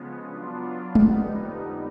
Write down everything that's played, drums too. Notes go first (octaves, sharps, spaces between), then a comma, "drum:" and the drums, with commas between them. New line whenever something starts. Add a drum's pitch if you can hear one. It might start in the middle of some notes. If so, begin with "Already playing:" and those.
Already playing: C#3 F3 G#3 B3
F#3 B3 D4 F4
F2 D3 G3 B3 D#4, drum: tom G#3